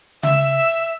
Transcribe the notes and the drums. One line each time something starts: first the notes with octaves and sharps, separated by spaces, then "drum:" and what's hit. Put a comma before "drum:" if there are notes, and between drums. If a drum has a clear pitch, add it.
E5, drum: tom C#3